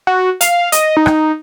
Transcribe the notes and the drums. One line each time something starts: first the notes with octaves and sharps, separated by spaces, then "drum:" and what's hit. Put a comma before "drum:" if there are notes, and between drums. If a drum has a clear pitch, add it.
F#4
F5, drum: hi-hat
D#5, drum: hi-hat
D#4
drum: rim click